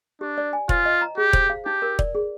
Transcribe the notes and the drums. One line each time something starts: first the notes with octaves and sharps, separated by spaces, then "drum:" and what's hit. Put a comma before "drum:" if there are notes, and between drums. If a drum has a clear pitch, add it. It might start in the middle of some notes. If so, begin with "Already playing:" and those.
D4 G4
D5
G#5
F4 C5, drum: kick E1
D#5
A#5
G4 G#4
C5, drum: kick E1
F5
D#4 G4
A#4
D5, drum: kick E1
G#4